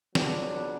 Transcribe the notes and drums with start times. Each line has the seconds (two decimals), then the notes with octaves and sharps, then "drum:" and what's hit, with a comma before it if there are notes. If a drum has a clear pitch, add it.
0.15 C#2 C#3 F#3 B3 D4, drum: snare